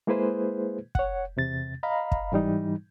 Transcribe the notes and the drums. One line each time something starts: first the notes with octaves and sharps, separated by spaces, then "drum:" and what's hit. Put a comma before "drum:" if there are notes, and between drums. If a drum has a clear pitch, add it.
G#3 A#3 E4 G#4 B4 C5
C#5 F#5, drum: kick
E2 C3 A6
D#5 F5 A#5 B5
drum: kick
G#2 E3 G3 D#4